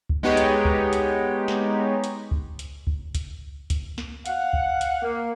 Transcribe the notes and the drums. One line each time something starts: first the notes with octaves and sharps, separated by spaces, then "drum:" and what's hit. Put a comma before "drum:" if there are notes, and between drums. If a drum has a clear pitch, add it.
drum: kick C#2
G#3 B3 D#4 G4 C#5
drum: hi-hat
drum: kick C#2
drum: hi-hat
drum: snare
drum: hi-hat
drum: kick C#2
drum: hi-hat
drum: kick C#2
drum: kick C#2, hi-hat
drum: kick C#2, hi-hat
drum: snare
F5 F#5, drum: hi-hat
drum: kick C#2
drum: hi-hat
A#3